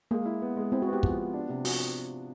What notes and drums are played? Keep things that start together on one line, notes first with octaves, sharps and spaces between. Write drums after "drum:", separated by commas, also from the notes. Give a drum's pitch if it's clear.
G#3 A#3
E4
B3
G#3
C4 E4
F#4
B3 G4
F3, drum: kick
B3
D4
C3
F3 F#4, drum: open hi-hat